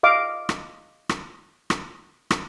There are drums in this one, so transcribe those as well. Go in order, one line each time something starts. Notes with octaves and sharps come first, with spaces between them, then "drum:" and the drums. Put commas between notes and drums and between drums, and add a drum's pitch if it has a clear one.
D#5 F5 D6
drum: rim click
drum: rim click
drum: rim click
drum: rim click